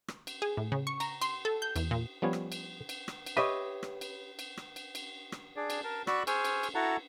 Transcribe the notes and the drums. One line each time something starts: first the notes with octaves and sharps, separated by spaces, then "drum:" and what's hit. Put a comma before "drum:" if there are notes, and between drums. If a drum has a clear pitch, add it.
drum: rim click
drum: cymbal
G#4
A2
C#3
C#6
A#5, drum: cymbal
C6, drum: cymbal
A4
G6
E2, drum: cymbal
A#2
F3 G3 B3 C#4 G#5
drum: rim click
drum: cymbal
drum: cymbal
drum: rim click
drum: cymbal
G4 B4 C#5 D#5 E5
drum: rim click
drum: cymbal
drum: cymbal
drum: rim click
drum: cymbal
drum: cymbal
drum: rim click
D4 G#4 D5
drum: cymbal
A#4 A5
F#4 D5 B5 C#6 E6 F#6, drum: rim click
G#4 C5 G#5 C#6 E6 F6, drum: cymbal
drum: cymbal
drum: cymbal
E4 F#4 A4 F#5 A5 A#5